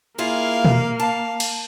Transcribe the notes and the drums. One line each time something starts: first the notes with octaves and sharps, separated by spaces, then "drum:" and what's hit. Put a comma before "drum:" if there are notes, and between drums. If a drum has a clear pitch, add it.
A#3 E4 F4 G#4 F5
drum: tom A#2
F5 A5
drum: cymbal